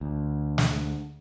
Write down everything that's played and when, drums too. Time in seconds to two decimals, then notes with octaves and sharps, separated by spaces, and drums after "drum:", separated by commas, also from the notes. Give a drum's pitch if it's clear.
0.01 D2
0.58 drum: snare